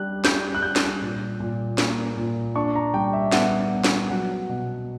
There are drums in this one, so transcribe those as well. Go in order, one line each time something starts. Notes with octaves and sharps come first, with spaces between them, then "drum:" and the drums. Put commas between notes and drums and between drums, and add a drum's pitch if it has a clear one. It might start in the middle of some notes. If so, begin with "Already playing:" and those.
Already playing: G3 D4 F#6
G3 G6, drum: snare
F#6
G3 G6
drum: snare
A#2
A#2
A#3, drum: snare
A#2
D4 C#6
A#5
G3 G5
E5
B3 F#5, drum: snare
B3
drum: snare
F#3 F#5
B2